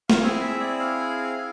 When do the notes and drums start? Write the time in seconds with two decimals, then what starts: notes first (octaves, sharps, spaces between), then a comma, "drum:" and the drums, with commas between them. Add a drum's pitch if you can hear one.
0.10 F5, drum: snare
0.21 C4 E4 G#4 G#5
0.40 E5
0.60 D5
0.80 F5
1.37 E4